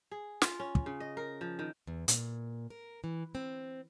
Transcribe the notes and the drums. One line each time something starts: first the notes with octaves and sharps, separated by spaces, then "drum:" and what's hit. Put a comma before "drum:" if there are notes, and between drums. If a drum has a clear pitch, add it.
G#4
F4, drum: snare
C#4
drum: kick
C#3
D#5
A#4
F3
D#3
E2
A#2, drum: hi-hat
A#4
E3
C4